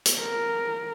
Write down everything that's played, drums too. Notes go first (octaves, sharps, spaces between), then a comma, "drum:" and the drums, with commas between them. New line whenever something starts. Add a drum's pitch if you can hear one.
drum: hi-hat
A#4